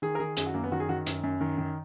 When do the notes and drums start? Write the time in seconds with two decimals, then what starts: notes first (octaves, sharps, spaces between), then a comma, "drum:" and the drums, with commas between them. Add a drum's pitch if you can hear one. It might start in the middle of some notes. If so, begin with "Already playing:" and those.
0.02 D#3 G#4
0.15 A#4
0.20 D#3 G#4
0.37 F#2 G#4, drum: hi-hat
0.46 F#4
0.54 F#2 A#3
0.64 B3
0.72 D#3 F#4
0.80 G#4
0.89 D#3 F#4
1.06 F#2, drum: hi-hat
1.23 F#2
1.41 D#3
1.58 D#3